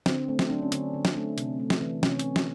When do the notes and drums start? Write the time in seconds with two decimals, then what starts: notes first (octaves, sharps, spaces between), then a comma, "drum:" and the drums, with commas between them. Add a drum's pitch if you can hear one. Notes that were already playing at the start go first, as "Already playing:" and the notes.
0.06 D3 C4, drum: snare
0.28 A3 C4
0.39 drum: snare
0.50 F#3 D4
0.62 C#4
0.72 D3 D4, drum: hi-hat
0.94 D3
1.05 drum: snare
1.16 A3
1.38 C3, drum: hi-hat
1.60 A3
1.70 drum: snare
1.82 E3
2.03 C3 C#4, drum: snare
2.19 drum: hi-hat
2.36 drum: snare